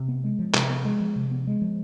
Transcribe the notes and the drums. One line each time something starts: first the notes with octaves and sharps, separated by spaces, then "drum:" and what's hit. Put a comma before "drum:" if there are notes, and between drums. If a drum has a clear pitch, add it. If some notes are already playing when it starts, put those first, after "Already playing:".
Already playing: C3
B3
G#3
F3
C3, drum: clap
B3
G#3
F3
C3
B3
G#3
F3